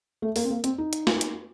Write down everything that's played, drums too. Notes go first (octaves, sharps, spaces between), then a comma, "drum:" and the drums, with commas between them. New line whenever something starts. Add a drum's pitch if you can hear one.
A3
A#3, drum: open hi-hat
C4
A#3
C4, drum: hi-hat
D#4
drum: hi-hat
drum: snare
drum: hi-hat